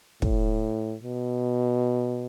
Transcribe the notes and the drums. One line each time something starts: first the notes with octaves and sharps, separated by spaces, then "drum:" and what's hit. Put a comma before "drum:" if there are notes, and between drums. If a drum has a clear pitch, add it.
A2, drum: kick
B2